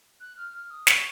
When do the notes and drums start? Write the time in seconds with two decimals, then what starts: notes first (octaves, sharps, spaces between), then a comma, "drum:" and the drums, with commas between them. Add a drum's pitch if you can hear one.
0.20 F#6
0.37 F6
0.54 F6
0.70 D#6
0.87 C#6, drum: snare